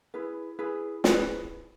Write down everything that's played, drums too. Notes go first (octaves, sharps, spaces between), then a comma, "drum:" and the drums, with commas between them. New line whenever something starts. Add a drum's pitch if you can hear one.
E4 G#4 B4
E4 G#4 B4
E4 G#4 B4, drum: snare